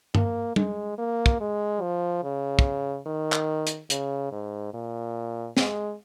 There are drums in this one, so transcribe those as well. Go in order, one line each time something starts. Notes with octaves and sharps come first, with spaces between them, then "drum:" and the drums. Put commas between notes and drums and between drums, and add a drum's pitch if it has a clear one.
A#3, drum: tom
G#3, drum: tom G3
A#3
drum: kick
G#3
F3
C#3
drum: kick
D#3
drum: clap
drum: hi-hat
C#3, drum: hi-hat
G#2
A#2
G#3, drum: snare